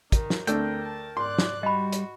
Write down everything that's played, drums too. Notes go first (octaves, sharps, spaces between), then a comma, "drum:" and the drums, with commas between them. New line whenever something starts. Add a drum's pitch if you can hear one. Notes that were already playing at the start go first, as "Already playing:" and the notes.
D#3, drum: kick, hi-hat
drum: snare
D2 A3 C4 D4 A#4 G5, drum: hi-hat
A5
G#2 D5 C6 F#6
drum: snare
G3 F#4 D#5 B5
drum: hi-hat